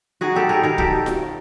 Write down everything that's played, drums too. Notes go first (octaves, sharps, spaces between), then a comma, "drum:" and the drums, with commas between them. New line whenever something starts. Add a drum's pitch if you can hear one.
D#3 F#4 G#4
G3 G4 A4
G3 G#4 A#4
D#3 G#4 A#4
B2 G4 A4, drum: kick
drum: snare F4